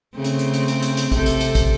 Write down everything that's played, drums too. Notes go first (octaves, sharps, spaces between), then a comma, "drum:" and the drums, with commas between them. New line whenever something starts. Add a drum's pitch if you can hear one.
C#3 A3 C4
drum: hi-hat
drum: hi-hat
drum: hi-hat
drum: hi-hat
drum: hi-hat
drum: hi-hat
C3 A4, drum: kick, hi-hat
drum: hi-hat
drum: hi-hat
drum: kick, hi-hat